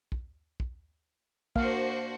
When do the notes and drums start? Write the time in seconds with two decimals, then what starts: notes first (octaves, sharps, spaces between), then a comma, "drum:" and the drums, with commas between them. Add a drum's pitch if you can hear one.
0.12 drum: kick
0.60 drum: kick
1.56 A#3 D4 F#4 C5 F5, drum: kick